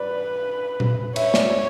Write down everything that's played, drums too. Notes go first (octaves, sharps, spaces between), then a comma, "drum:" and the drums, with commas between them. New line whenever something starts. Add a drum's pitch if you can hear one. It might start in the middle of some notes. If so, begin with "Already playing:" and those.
Already playing: B4 D5
drum: tom A#2
C#5 E5, drum: cymbal
D5, drum: snare